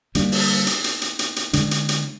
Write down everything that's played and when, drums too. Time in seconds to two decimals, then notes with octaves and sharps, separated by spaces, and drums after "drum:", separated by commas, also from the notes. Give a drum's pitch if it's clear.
0.15 D3 G3 A#3 D4, drum: hi-hat
0.32 drum: open hi-hat
0.67 drum: hi-hat
0.84 drum: hi-hat
1.02 drum: hi-hat
1.19 drum: hi-hat
1.36 drum: hi-hat
1.53 D3 G#3 D4, drum: hi-hat
1.71 drum: hi-hat
1.89 drum: hi-hat